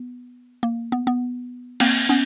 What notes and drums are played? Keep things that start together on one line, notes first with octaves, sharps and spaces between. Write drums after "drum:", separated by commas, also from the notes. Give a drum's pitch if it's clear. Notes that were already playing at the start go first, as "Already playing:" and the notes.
Already playing: B3
A#3
B3
B3
A#3 C4, drum: cymbal
B3 C#4